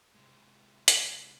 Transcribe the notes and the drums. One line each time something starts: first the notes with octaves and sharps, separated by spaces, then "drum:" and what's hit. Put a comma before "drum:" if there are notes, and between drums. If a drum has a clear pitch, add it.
C3 G#3
drum: hi-hat